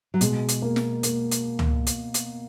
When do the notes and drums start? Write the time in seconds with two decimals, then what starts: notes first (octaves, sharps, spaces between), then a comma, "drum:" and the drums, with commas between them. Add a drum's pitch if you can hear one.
0.14 F#3
0.21 B2 G#3, drum: hi-hat
0.48 drum: hi-hat
0.62 A#3
0.76 drum: snare
1.03 A#3, drum: hi-hat
1.31 drum: hi-hat
1.59 drum: tom C#2
1.87 drum: hi-hat
2.14 drum: hi-hat